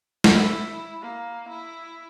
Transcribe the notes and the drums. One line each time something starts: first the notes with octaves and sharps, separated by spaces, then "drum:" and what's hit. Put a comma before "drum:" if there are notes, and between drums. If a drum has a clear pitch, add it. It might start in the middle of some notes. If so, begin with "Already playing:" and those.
E4, drum: snare
A#3
E4